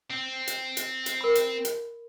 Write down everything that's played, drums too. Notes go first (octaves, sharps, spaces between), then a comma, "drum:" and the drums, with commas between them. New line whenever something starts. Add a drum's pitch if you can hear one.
C4
drum: hi-hat
drum: hi-hat
drum: hi-hat
A#4 B5
drum: hi-hat
drum: hi-hat